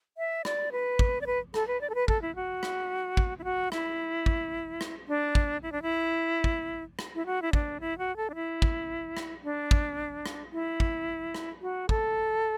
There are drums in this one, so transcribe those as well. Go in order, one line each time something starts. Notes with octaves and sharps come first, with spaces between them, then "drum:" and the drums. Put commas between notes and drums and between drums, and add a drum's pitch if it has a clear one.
E5
D5, drum: rim click
B4
drum: kick
D5
B4
A4, drum: rim click
B4
D5
A4
B4
A4, drum: kick
E4
F#4
drum: rim click
drum: kick
E4
F#4
E4, drum: rim click
drum: kick
drum: rim click
D4
drum: kick
E4
D4
E4
drum: kick
drum: rim click
E4
F#4
E4
D4, drum: kick
E4
F#4
A4
D4
E4
drum: kick
drum: rim click
D4
drum: kick
drum: rim click
E4
drum: kick
drum: rim click
F#4
A4, drum: kick